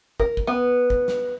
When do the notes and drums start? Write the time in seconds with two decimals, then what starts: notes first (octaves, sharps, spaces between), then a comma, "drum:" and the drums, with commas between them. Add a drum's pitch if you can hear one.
0.20 A#4, drum: kick
0.37 drum: kick
0.47 B3
0.90 drum: kick
1.08 drum: snare